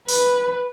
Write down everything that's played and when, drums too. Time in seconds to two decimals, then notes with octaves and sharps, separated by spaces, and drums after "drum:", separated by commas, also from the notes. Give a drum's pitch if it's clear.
0.08 B4, drum: open hi-hat